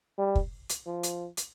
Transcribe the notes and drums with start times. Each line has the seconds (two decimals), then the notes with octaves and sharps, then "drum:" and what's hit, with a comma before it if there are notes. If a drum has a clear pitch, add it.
0.18 G3
0.35 drum: kick
0.69 drum: hi-hat
0.87 F3
1.03 drum: hi-hat
1.37 drum: hi-hat